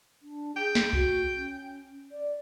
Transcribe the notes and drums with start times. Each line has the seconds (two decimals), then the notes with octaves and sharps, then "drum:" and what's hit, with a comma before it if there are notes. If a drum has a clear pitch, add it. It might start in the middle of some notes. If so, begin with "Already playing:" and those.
0.22 D4
0.57 G#4 G5
0.75 drum: snare
0.93 F#4, drum: kick C2
1.36 C#4
2.12 D5